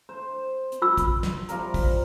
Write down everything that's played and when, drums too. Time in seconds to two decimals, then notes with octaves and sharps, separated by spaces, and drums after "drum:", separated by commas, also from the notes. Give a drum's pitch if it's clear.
0.09 C5
0.72 drum: hi-hat
0.82 F4 B5 E6
0.97 drum: kick, hi-hat
1.23 drum: snare
1.49 F3 G3 A#4, drum: hi-hat
1.74 drum: kick, open hi-hat